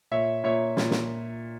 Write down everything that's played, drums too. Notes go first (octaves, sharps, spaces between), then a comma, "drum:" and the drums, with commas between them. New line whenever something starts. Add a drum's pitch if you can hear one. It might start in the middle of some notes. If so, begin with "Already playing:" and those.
A#2 C#5 E5
A#2 C#5 E5
A#2, drum: snare
drum: snare